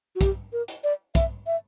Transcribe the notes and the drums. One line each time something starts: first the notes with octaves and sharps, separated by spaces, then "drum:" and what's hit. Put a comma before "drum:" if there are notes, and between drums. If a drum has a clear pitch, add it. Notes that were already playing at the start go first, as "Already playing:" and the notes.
F#4
G4, drum: kick, hi-hat
A#4
drum: hi-hat
D5
E5, drum: kick, hi-hat
E5